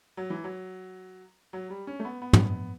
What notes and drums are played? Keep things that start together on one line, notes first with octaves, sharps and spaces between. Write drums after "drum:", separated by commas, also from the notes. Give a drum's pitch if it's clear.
F#3
E3
F#3
F#3
G3
C#4
A3
B3
B3
drum: tom